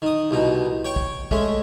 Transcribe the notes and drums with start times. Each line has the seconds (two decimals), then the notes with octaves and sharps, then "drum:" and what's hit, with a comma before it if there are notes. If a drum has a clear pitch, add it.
0.02 D#3 D#6
0.31 C2 B2 D#4
0.85 C#5 G5 C#6
0.96 drum: kick
1.31 G#3 A3 C#4, drum: kick